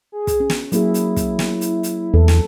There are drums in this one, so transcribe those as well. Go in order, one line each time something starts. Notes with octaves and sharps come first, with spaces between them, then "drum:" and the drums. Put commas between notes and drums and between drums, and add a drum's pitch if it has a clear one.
G#4
drum: kick, hi-hat
C#4
drum: snare
F#3 A#3 E4 G#4, drum: hi-hat
drum: hi-hat
drum: kick, hi-hat
drum: snare
drum: hi-hat
drum: hi-hat
E2 A4
drum: snare